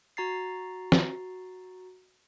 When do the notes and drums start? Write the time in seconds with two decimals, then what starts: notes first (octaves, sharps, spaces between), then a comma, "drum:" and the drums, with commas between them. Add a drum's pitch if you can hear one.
0.17 F#4 A#5 A6 C7
0.92 drum: snare